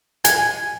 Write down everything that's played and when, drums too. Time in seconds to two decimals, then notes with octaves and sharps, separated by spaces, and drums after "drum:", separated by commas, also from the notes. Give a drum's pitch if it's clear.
0.25 G#5, drum: hi-hat